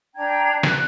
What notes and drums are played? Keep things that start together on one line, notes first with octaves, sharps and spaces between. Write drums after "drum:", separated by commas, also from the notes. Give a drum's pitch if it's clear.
D4 G5 A#5 G#6
F#6, drum: snare